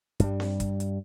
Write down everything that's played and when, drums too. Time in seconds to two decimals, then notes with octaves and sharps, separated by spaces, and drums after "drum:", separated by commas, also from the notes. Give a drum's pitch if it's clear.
0.20 G2 G3, drum: kick, hi-hat
0.40 drum: snare C4
0.60 drum: kick, hi-hat
0.80 drum: hi-hat